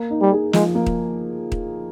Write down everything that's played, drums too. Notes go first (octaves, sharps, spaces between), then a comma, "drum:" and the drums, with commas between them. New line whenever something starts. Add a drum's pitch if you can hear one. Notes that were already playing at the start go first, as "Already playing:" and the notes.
Already playing: A#3
D#4
G3
G#4
F3 G#3, drum: snare
A#3
drum: kick D#1
drum: kick D#1